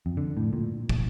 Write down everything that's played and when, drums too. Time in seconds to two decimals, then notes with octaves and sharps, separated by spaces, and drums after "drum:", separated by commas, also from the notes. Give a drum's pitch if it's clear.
0.06 F2
0.17 D3
0.37 A2
0.53 A#2
0.89 A#1, drum: kick